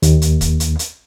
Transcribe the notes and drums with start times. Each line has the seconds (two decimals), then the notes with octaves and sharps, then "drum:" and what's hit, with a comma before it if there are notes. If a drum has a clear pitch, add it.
0.02 D#2, drum: hi-hat
0.22 drum: hi-hat
0.41 drum: kick, hi-hat
0.60 drum: hi-hat
0.79 drum: hi-hat